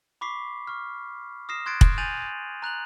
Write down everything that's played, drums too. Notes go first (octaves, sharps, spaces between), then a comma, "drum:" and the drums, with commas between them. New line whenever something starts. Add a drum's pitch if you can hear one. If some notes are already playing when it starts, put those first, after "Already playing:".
B5 C#6 D6 B6 C7
C#6 F6
D#6 F6 A#6 C7 E7
C6 F#6 G#6 A6 C7 D7
drum: kick
G#5 G6 A6 D#7 F7 F#7
A#5 F#6 F7 F#7